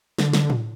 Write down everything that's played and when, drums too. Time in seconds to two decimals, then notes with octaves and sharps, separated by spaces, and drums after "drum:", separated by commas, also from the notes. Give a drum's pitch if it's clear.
0.19 D3, drum: snare
0.33 drum: snare
0.50 drum: tom A2